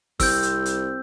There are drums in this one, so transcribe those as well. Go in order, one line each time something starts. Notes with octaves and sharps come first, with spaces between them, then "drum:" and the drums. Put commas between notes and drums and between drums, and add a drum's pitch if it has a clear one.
C2 C4 E6 G6, drum: kick, open hi-hat
drum: hi-hat
drum: hi-hat